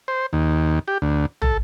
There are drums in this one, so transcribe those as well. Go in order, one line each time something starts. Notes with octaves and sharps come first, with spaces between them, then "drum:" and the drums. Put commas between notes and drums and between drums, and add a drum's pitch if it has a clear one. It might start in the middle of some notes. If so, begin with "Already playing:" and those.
C5
D#2
G4
D2
A4, drum: tom